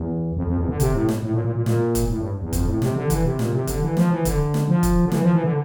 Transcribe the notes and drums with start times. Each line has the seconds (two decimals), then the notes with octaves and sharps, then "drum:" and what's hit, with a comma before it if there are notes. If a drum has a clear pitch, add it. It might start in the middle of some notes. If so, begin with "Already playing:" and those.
Already playing: E2
0.37 F2
0.47 F2
0.58 E2
0.68 D3
0.80 C3, drum: kick, hi-hat
0.94 A2
1.09 drum: snare
1.23 A2
1.34 A#2
1.45 A#2
1.55 A#2
1.66 A#2, drum: snare
1.95 drum: kick, hi-hat
2.10 A2
2.21 G2
2.42 E2
2.53 F2, drum: kick, hi-hat
2.67 A2
2.82 C3, drum: snare
2.96 D3
3.10 E3, drum: kick, hi-hat
3.24 C3
3.39 A#2, drum: snare
3.53 C3
3.67 D3, drum: kick, hi-hat
3.82 E3
3.97 F3, drum: snare
4.11 E3
4.25 D3, drum: kick, hi-hat
4.54 drum: snare
4.69 F3
4.83 drum: kick, hi-hat
5.06 D3
5.12 E3, drum: snare
5.22 F3
5.33 E3
5.44 D3